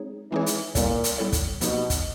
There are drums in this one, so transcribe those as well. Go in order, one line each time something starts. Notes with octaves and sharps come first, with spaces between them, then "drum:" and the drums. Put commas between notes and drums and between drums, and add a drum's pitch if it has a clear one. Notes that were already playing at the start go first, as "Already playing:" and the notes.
Already playing: G#3 C4 D#4 G#4 C#5
E3 G#3 C4 D#4 G#4 C#5
drum: hi-hat
A#2 G3 B3 E4 A4 C#5, drum: kick, hi-hat
drum: hi-hat
G3 B3 E4 A4 C#5
drum: kick, hi-hat
B2 F3 A#3 D#4 G4, drum: hi-hat
drum: kick, hi-hat